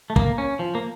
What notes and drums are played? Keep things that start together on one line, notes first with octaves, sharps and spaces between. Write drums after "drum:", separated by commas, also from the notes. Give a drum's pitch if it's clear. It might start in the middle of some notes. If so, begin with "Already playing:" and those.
A3
A#3, drum: kick
C#4
F3
A#3